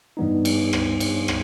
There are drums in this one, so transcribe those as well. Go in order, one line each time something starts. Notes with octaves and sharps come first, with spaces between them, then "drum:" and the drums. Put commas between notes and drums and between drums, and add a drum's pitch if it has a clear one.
G2 E3 G3 B3 D#4
drum: cymbal
drum: rim click
drum: cymbal
drum: rim click